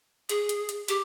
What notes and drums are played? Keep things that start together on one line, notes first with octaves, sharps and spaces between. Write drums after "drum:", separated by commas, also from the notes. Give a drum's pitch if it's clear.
G#4, drum: hi-hat
drum: hi-hat
drum: hi-hat
G4, drum: hi-hat